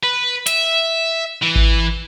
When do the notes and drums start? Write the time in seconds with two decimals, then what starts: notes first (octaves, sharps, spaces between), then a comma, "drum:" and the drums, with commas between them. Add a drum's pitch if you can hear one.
0.03 B4
0.47 E5, drum: hi-hat
1.43 E3
1.55 drum: kick G#1